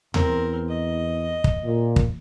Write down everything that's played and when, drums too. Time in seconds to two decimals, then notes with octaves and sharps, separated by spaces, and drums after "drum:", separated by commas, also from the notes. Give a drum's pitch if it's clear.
0.14 E2 C4 A#4, drum: tom D#2
0.69 D#5
1.44 drum: kick
1.64 A#2
1.96 drum: kick